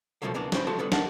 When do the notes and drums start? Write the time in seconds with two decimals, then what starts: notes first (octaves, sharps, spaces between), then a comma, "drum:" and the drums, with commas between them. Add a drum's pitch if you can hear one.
0.22 B1 B2 F3 F#3 A3 A#3
0.34 C#2 E3 A#3 B3 D4
0.52 F#3 C#4 C5 G5 B5 C6, drum: snare
0.67 F3 G#3 F#4 A4 A5 C6
0.79 D3 G3 B3 A4 B4 D5
0.92 A#4 D#5 F5 F#5 A5, drum: snare